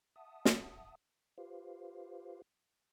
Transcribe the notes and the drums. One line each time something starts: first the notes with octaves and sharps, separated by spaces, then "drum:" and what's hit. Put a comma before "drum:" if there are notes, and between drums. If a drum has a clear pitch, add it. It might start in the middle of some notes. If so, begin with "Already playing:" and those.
E5 F#5 A5 D#6
drum: snare
F4 G4 B4 C5 F5